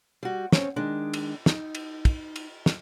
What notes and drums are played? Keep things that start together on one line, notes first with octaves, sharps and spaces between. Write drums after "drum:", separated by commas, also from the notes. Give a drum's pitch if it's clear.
G3 F#4
C4 C#4 C#5, drum: snare
D#3 G#3 D4
drum: cymbal
D#4, drum: snare
drum: cymbal
drum: kick, cymbal
drum: cymbal
drum: snare